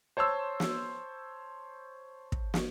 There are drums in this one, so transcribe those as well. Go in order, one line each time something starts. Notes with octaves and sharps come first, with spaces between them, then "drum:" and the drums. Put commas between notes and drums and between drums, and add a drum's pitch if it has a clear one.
C5 C#5 A5 C6 E6
drum: snare
drum: kick
drum: snare